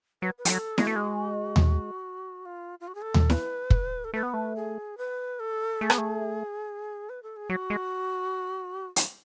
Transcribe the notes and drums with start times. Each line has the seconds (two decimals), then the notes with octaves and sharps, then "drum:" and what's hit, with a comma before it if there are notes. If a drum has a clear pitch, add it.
0.22 F#3 B4
0.38 B4
0.45 F3 G#4, drum: hi-hat
0.50 F#3 A4
0.78 G#3 F#4, drum: snare E4
0.87 A3
0.96 G#3
1.56 drum: tom D#2
2.45 F4
2.80 F4
2.88 F#4
2.95 G#4
3.02 A4
3.14 drum: tom D#2
3.30 B4, drum: snare E4
3.70 drum: kick
4.04 A4
4.14 A3 B4
4.23 B3
4.33 A3
4.56 G#4
4.98 B4
5.40 A4
5.81 A3 G#4
5.90 B3, drum: rim click
5.98 A3
7.09 B4
7.23 A4
7.36 G#4
7.50 F#3 F#4
7.70 G#3
8.96 drum: hi-hat